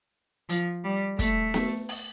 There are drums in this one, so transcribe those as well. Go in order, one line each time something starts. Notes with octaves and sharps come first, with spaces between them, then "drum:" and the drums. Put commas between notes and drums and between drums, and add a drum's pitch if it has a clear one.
F3, drum: hi-hat
G3
A3, drum: kick, hi-hat
drum: snare B3
drum: open hi-hat